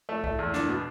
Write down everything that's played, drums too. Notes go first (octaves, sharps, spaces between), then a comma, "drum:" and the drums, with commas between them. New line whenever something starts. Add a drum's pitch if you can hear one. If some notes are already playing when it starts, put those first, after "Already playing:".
A3
A3, drum: kick
E2
D4, drum: snare
B2